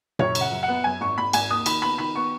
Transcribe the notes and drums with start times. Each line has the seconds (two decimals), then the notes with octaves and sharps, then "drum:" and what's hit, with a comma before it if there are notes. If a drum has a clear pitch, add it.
0.19 F#2 C#5, drum: tom A#2
0.35 C#3, drum: cymbal
0.41 F#5
0.51 F#2
0.63 F#5
0.68 B3
0.84 F#2 G#5
1.01 G#1 C#6
1.18 G#1 B5
1.33 G#1 G#5, drum: cymbal
1.50 D#2 D#6
1.66 D#3 B5, drum: cymbal
1.82 B3 B5
1.98 D#3 B5
2.15 B3 C#6